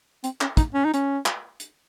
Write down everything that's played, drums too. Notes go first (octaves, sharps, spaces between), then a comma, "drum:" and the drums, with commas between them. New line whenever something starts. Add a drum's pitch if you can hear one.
C4, drum: hi-hat
C#4, drum: clap
D#4, drum: kick, hi-hat
C#4
D#4
C#4, drum: hi-hat
drum: clap
drum: hi-hat